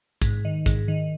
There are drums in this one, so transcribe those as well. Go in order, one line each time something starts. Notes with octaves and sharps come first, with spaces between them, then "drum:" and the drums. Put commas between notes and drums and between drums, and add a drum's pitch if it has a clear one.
G#2, drum: kick A1, hi-hat
D#3
G#2, drum: kick A1, hi-hat
D#3